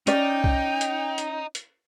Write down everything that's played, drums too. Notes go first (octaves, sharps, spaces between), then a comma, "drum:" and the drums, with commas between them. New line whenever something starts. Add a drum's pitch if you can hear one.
C#4 D#4 D5 G5, drum: hi-hat
drum: kick B1
drum: hi-hat
drum: hi-hat
drum: hi-hat